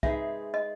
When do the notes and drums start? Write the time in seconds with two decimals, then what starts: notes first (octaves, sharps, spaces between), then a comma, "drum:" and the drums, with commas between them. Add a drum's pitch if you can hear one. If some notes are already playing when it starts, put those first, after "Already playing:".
0.03 G#3 C4 D#4 G#4 B4 E5, drum: kick
0.54 D#5